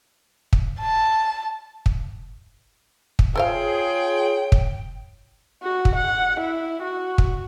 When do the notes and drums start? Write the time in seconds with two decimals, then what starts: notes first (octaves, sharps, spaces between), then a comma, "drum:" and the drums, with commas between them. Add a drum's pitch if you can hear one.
0.53 drum: kick
0.80 A5
1.86 drum: kick
3.19 drum: kick
3.36 F4 G#4 A4 C5 C#5 F5 G5
4.52 drum: kick
5.63 F#4
5.85 drum: kick
5.96 F#5
6.40 E4
6.83 F#4
7.18 drum: kick